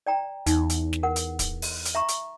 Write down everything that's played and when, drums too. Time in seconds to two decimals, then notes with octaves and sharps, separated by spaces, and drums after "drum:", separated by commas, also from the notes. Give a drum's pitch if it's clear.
0.06 D5 G5 A#5
0.46 E2 D#4, drum: hi-hat
0.70 drum: hi-hat
0.93 drum: snare
1.03 A#4 F#5
1.16 drum: hi-hat
1.39 drum: kick D1, hi-hat
1.62 drum: open hi-hat
1.85 drum: hi-hat
1.95 E5 A#5 C#6
2.08 drum: hi-hat